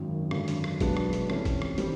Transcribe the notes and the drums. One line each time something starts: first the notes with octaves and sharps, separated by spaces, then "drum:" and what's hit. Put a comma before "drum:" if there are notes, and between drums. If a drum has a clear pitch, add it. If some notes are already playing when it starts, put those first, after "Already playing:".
Already playing: G#1 F#2 D#3
G#1 F#2 D3, drum: rim click
drum: hi-hat
drum: rim click
B1 B2 G#3 B3 D4, drum: kick G1, hi-hat
drum: rim click
drum: hi-hat
C3 E3 A3 C#4, drum: rim click
drum: kick G1, hi-hat
drum: rim click
D#3 G3 C4, drum: hi-hat